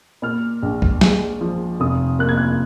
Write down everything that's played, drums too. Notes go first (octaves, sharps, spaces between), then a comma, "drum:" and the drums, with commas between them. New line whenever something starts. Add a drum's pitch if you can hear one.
A#2 F6
A#1
drum: kick C#2
G#3, drum: snare
F3
F1 D#6
A#3 F#6
G#6
F#6